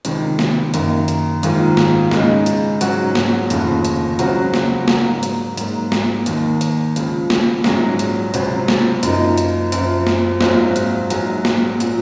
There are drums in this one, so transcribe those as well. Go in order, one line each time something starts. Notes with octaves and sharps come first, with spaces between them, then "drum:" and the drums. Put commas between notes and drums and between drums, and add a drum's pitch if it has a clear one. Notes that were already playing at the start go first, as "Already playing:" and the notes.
C#2 C3 D#3, drum: hi-hat
drum: snare
F#2 D#3 A#3, drum: hi-hat
drum: hi-hat
G#2 D#3 A#3 F4, drum: hi-hat
drum: snare
C#2 C#3 G#3 D#4, drum: snare
drum: hi-hat
G#2 F#3 C#4 F#4, drum: hi-hat
drum: snare
F1 D#2 C#3 F3, drum: hi-hat
drum: hi-hat
C#2 C#3 F#3 C4 F#4, drum: hi-hat
drum: snare
G#2 F#3 A#3, drum: snare
drum: hi-hat
G#2 F#3 A#3, drum: hi-hat
drum: snare
D#2 D#3 A#3, drum: hi-hat
drum: hi-hat
C#2 C#3 F3, drum: hi-hat
drum: snare
A#1 G#2 F#3 C#4, drum: snare
drum: hi-hat
C#2 C3 F#3 C4, drum: hi-hat
drum: snare
F#2 F3 A#3 D#4, drum: hi-hat
drum: hi-hat
F#2 F3 C4, drum: hi-hat
drum: snare
A#1 G#2 F#3 C4 F4, drum: snare
drum: hi-hat
A#1 G#2 F#3, drum: hi-hat
drum: snare
A#2 F#3, drum: hi-hat